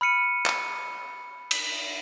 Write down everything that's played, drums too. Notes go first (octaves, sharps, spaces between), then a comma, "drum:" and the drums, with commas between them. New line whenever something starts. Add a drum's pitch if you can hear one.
B5 F6 C#7 D#7
drum: clap
drum: cymbal